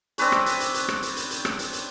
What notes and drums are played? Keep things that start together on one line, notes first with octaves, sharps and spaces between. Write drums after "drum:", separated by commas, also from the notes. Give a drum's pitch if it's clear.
C4 D4 B4 C#5, drum: hi-hat
drum: rim click
drum: hi-hat
drum: hi-hat
drum: hi-hat
drum: rim click
drum: hi-hat
drum: hi-hat
drum: hi-hat
drum: rim click
drum: hi-hat
drum: hi-hat